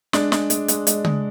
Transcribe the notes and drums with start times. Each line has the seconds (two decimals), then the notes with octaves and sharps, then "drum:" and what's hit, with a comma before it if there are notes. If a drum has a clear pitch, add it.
0.13 G#3 D4, drum: snare
0.32 G#3, drum: snare
0.50 G#3, drum: hi-hat
0.68 G#3, drum: hi-hat
0.87 G#3, drum: hi-hat
1.05 G#3, drum: tom C#3